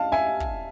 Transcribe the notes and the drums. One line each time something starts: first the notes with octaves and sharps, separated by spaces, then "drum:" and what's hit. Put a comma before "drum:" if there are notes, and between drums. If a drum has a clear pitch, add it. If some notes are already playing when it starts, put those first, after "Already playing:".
Already playing: F5 A5
E5 G#5
drum: kick